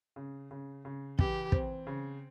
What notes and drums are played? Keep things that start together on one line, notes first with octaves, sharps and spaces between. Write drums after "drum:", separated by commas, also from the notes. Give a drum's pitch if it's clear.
C#3
C#3
C#3
E3 G4, drum: kick
C4, drum: kick
C#3